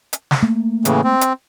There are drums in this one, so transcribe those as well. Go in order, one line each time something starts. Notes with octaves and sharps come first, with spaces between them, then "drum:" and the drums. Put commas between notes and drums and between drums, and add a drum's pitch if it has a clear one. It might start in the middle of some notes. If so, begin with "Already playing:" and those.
drum: hi-hat
drum: snare
A3 A#3
A2 C#3 E3, drum: hi-hat
C4
drum: hi-hat